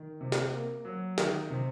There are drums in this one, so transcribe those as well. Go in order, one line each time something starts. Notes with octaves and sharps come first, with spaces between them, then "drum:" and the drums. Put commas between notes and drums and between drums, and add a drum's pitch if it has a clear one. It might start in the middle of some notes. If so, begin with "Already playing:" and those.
Already playing: D#3
C3
drum: snare
A#3
F#3
D#3, drum: snare
C3